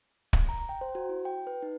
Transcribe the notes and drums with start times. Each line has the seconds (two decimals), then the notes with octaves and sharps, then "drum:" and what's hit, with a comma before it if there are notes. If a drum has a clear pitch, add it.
0.33 drum: kick
0.49 A#5
0.69 G5
0.81 C5
0.95 F#4
1.09 E4
1.25 G5
1.47 B4
1.62 D#4